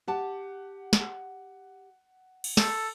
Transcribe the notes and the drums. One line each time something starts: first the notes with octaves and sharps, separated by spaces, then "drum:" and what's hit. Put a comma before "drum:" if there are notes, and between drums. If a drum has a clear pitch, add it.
G4 F#5 A5
drum: snare
drum: cymbal
A4, drum: snare